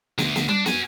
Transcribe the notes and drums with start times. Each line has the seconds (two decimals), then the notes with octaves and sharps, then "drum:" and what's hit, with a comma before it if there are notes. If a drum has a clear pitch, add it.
0.18 D2, drum: snare
0.36 drum: snare
0.49 D4, drum: tom G3
0.66 F#4 G#5, drum: snare